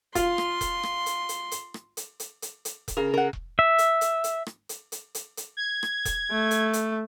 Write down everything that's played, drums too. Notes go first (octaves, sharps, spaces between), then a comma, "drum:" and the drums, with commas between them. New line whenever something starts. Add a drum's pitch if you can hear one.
F4 C6, drum: kick E1, hi-hat
drum: rim click
drum: kick E1, hi-hat
drum: rim click
drum: hi-hat
drum: hi-hat
drum: hi-hat
drum: rim click
drum: hi-hat
drum: hi-hat
drum: hi-hat
drum: hi-hat
drum: kick E1, hi-hat
C#3 A#4
A#4 F#5
drum: kick E1
E5
drum: hi-hat
drum: hi-hat
drum: hi-hat
drum: rim click
drum: hi-hat
drum: hi-hat
drum: hi-hat
drum: hi-hat
G#6
drum: rim click
drum: kick E1, hi-hat
A3
drum: hi-hat
drum: hi-hat